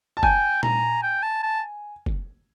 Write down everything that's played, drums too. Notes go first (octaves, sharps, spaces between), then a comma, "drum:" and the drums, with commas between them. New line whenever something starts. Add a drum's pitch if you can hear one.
A5
G5 G#5, drum: kick
A#5, drum: tom A#2
G5
A5
A5
drum: kick